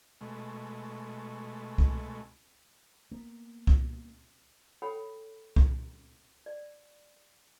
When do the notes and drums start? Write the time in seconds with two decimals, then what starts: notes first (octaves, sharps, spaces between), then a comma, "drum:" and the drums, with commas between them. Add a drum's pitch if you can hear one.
0.21 B2 G#3 A3
1.78 drum: kick
3.11 A#3 B3
3.67 drum: kick
4.82 A4 C#5 F#5 G5 B5
5.56 drum: kick
6.46 D5